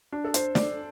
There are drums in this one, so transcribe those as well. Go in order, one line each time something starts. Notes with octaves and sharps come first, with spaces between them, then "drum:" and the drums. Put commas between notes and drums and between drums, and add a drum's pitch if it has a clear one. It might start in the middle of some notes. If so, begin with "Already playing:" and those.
D4
A4
C5, drum: hi-hat
D5, drum: snare